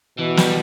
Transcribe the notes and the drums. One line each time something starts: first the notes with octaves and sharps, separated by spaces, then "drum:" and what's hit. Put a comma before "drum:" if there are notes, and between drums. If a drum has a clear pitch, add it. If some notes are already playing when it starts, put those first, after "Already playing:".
B2 E3
G3, drum: snare